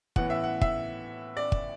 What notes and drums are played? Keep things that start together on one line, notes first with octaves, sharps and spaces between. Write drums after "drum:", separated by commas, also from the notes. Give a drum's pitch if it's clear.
A2 E3 B3 F#5, drum: kick
E5
F#5
E5, drum: kick
D5
drum: kick